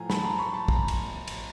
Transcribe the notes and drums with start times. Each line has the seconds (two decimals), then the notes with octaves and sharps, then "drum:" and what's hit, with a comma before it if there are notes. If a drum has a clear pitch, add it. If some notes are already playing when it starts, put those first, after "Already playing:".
Already playing: A2 F3 A3 G#5 A#5
0.10 A5 B5, drum: snare
0.24 A#5 C6
0.39 B5 C#6
0.54 A5 B5
0.68 A#5 C6, drum: kick
0.88 drum: cymbal
1.28 drum: cymbal